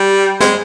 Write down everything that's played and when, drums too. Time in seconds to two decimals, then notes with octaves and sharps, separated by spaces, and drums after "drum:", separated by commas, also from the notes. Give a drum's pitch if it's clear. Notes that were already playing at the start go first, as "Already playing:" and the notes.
Already playing: G3
0.40 G#3, drum: snare